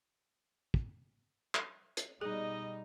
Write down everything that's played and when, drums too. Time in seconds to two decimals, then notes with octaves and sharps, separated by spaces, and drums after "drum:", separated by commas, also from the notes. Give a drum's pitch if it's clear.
0.74 drum: kick
1.55 drum: clap
1.97 drum: hi-hat
2.21 B2 G3 D#4 G#4 D#5